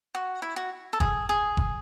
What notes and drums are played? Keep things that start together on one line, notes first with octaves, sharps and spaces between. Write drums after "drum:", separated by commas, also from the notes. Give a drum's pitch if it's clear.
F#4
E4
F#4
A4
G#4, drum: kick F#1
G#4
drum: kick F#1